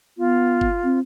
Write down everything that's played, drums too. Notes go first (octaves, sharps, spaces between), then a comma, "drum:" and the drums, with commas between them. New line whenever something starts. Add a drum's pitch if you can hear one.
B3 F4
drum: kick G1
C4